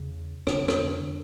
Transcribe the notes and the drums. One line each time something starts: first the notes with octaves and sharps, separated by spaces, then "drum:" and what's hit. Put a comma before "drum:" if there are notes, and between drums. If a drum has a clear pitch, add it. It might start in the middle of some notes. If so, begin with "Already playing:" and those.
Already playing: E2 C#3
F2 D3 D4, drum: rim click
drum: rim click